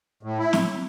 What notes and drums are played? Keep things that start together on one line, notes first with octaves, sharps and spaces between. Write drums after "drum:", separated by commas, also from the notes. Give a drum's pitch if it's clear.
A2
E4
drum: snare